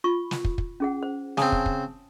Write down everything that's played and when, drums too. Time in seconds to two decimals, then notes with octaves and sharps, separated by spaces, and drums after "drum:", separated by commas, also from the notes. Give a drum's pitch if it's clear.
0.04 F4 B5 C#6
0.31 drum: snare
0.45 drum: kick
0.58 drum: kick
0.80 C#4 G#4 F#5
1.03 C5
1.37 C#3 C4 G#5 A5 D#6, drum: snare
1.52 drum: kick
1.66 drum: kick